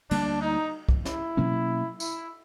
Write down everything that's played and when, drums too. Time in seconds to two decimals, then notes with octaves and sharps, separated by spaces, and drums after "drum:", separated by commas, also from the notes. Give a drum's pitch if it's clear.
0.11 D2 D3 G3 A#3 D4, drum: cymbal
0.42 D#4
0.89 drum: kick
1.05 E4, drum: snare
1.37 B2 F#3 A#3 C#4
2.00 E4, drum: tambourine